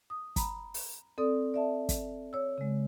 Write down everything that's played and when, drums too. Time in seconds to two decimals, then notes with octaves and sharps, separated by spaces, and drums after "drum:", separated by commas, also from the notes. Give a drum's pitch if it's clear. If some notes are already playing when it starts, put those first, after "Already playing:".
0.10 D#6
0.36 A#5 B5, drum: kick, hi-hat
0.74 drum: open hi-hat
1.18 C4 A4 D5 D#6
1.54 D5 E5 A5
1.89 drum: kick, hi-hat
2.33 C#5 E6
2.58 C#3 G#3